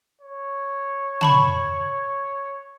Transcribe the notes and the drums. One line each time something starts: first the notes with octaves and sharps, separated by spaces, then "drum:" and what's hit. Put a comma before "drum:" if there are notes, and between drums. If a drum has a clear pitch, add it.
C#5
A5 B5 C#6, drum: tom